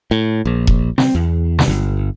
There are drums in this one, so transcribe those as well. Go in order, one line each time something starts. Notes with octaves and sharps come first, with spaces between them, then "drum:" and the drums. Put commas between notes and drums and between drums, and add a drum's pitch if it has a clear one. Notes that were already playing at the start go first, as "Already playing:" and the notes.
A2
A#1
drum: kick E1
C4, drum: snare
E2
drum: snare
G1